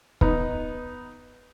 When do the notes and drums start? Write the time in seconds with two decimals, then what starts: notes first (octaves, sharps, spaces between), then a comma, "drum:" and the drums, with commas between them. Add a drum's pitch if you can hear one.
0.21 B3 D#4, drum: kick